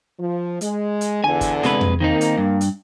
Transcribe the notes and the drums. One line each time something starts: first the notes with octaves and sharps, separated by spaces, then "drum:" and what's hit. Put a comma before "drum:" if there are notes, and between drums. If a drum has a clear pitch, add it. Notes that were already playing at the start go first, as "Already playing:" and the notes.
F3
G#3, drum: hi-hat
drum: hi-hat
E2 D3 G#5
drum: kick G1, hi-hat
C3 G#3 B4, drum: snare
drum: tom
D#3 A#3 C4 D#4
drum: hi-hat
G2
drum: hi-hat